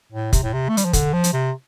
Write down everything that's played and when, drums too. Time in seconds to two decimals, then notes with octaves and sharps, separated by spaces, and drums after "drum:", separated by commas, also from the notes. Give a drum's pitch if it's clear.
0.12 A2
0.33 C3, drum: kick, hi-hat
0.43 A2
0.53 C3
0.69 A3
0.77 G3, drum: hi-hat
0.85 F3
0.93 D3, drum: kick, hi-hat
1.13 F3
1.24 drum: hi-hat
1.33 C3